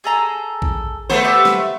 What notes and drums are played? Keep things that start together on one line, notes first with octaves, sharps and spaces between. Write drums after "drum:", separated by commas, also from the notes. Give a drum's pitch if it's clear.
G#4 A4 A#5
drum: kick A1
A3 B3 C5
G4 E5
drum: snare